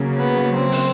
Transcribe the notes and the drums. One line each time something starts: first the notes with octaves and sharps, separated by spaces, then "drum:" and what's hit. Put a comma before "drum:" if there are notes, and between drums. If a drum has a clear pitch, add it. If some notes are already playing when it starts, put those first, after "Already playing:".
Already playing: C#3 F#3 A#3
B3
C4
drum: open hi-hat